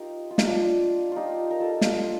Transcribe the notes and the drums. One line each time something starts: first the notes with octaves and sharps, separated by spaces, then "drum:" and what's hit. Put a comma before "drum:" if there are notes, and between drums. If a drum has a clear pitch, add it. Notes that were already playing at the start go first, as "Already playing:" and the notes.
Already playing: D#4 F4 G4 A#4
F4
D#4, drum: snare
D4 F4
D#4 F4 G4
A#4
F4 A4
D4 F4, drum: snare
D4